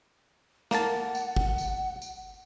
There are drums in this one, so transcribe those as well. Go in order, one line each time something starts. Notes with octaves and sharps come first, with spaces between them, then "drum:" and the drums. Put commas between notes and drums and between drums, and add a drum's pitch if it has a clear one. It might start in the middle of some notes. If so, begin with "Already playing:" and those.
A#3 F#5 A5, drum: snare
drum: tambourine
drum: kick
drum: tambourine
drum: tambourine